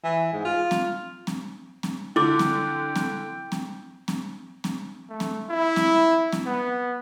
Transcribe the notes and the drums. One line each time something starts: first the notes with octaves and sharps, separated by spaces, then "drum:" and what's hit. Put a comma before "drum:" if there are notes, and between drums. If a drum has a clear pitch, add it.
E3
G#2
F4
drum: snare C4
drum: snare C4
drum: snare C4
D3 E4 G5 D6
drum: snare C4
drum: snare C4
drum: snare C4
drum: snare C4
drum: snare C4
A3
drum: snare C4
E4
drum: snare C4
drum: snare C4
B3